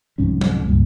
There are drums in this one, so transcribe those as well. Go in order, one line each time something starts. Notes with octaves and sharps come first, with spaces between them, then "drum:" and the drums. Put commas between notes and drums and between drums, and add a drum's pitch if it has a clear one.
C2 F2 G#2 C#4
drum: tom
C#2 G2 A#2